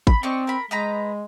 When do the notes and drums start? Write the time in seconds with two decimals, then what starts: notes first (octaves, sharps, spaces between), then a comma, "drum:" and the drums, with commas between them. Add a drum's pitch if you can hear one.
0.07 B5, drum: kick G#1
0.23 C4 D4 D#4 C#6
0.47 A#4 B5
0.71 G#3 D#4 B4 A#5